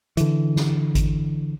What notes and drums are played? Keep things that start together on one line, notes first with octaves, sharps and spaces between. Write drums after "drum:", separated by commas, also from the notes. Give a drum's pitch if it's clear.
D3 E3, drum: hi-hat
drum: snare
drum: kick G#1, hi-hat